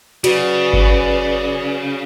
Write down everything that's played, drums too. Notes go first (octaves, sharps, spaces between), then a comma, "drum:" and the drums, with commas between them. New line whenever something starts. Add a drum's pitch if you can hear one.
C#3 F#4 B4 D5, drum: hi-hat
drum: kick G1